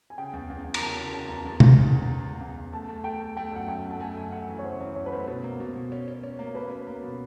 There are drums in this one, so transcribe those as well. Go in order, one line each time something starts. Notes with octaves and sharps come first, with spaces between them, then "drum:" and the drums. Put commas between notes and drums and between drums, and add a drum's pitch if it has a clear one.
G#5
C#3 G5
E2
E2
E2
A#5, drum: cymbal
C#3 A5
C#3 A#5
C#3 A5
E2 A#5
E2
E2, drum: tom
C#3
C#3
C#3
C#3
E2
E2
A3 A5
A3
A3 G5
A3
A3 G5
F#2 F#5
F#2 G5
A3
A5
A3 G#5
F#2
A3 F#5
E3
C#5
C#3 C5
E3 C#5
F#2 C#5
B4
A3 C5
B2
A#3
B2
B2
C#4
C#4
C#4
A#3
A#3 B4
C#4
A#3
B2